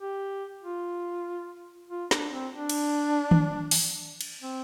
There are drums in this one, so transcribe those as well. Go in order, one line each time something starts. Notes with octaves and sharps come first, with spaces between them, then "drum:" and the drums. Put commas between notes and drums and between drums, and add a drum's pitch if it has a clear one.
G4
F4
F4
D4, drum: snare
C4
D4
drum: cymbal
drum: tom D#3
drum: open hi-hat
drum: cymbal
C4